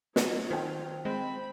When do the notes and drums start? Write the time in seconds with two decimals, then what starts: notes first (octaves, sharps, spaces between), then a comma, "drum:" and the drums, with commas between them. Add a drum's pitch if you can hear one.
0.16 F#3 F4, drum: snare
0.51 D#3 C5 G5
1.05 G#3 C4 B5